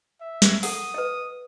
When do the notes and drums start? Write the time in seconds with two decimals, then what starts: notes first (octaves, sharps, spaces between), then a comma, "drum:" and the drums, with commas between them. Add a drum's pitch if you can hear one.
0.21 E5
0.42 drum: snare
0.63 A4 A#4 F#5 D#6, drum: open hi-hat
0.94 B4 D#5